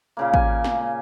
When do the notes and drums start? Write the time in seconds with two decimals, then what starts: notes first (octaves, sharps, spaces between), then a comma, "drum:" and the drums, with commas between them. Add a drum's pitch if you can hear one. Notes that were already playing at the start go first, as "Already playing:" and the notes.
0.17 A#2 C#3 A#3
0.34 G#5, drum: kick
0.64 drum: snare